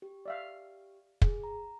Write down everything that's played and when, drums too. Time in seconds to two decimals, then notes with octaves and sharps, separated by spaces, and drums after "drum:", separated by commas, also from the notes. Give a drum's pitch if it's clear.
0.02 G4
0.26 D5 E5 F5
1.22 G#4, drum: kick
1.44 A#5